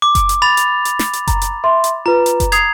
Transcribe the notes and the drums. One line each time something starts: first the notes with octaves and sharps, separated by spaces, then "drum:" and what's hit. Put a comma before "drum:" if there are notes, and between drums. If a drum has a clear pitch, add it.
D6
drum: kick F#1, hi-hat
drum: hi-hat
B5 A6 F7
drum: hi-hat
drum: hi-hat
drum: snare
drum: hi-hat
A#5, drum: kick F#1, hi-hat
drum: hi-hat
E5 C6
drum: hi-hat
F4 B4 A#5
drum: hi-hat
drum: kick F#1, hi-hat
D#6 G#6 C7 F7, drum: hi-hat